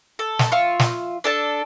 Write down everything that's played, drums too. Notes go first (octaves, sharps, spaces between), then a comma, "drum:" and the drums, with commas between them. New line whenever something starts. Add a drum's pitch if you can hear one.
A4
drum: snare
F4 E5 C#6
drum: snare
D4 A4 A5